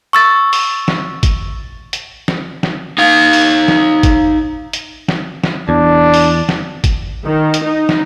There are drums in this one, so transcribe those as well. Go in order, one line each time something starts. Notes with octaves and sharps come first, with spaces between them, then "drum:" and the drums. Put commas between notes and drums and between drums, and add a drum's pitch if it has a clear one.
C#6 E6 A6
drum: open hi-hat
drum: snare
drum: kick, hi-hat
drum: hi-hat
drum: snare
drum: snare
D#4 F5
drum: open hi-hat
drum: snare
drum: kick, hi-hat
drum: hi-hat
drum: snare
drum: snare
E2 D4
drum: open hi-hat
drum: snare
drum: kick, hi-hat
D#3
drum: hi-hat
D#4
drum: snare